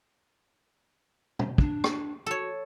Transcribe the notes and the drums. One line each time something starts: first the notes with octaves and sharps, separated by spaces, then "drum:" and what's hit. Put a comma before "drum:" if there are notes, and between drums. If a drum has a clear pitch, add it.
drum: tom
D4, drum: kick
drum: rim click
F#4 A4 C#5